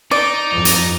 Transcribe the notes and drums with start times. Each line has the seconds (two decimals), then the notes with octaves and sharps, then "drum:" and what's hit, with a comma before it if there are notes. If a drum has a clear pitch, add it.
0.11 D#4 D5
0.52 F2 D#4
0.65 drum: hi-hat